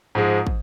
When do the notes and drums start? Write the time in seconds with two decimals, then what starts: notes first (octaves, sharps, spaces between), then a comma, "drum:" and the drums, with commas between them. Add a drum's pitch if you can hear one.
0.15 G#2 F3 G#3
0.47 drum: kick